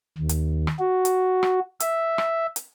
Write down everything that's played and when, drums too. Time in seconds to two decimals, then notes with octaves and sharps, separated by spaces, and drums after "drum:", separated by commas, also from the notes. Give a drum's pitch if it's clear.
0.18 D#2
0.29 drum: hi-hat
0.67 drum: rim click
0.79 F#4
1.05 drum: hi-hat
1.43 drum: rim click
1.80 E5, drum: hi-hat
2.18 drum: rim click
2.56 drum: hi-hat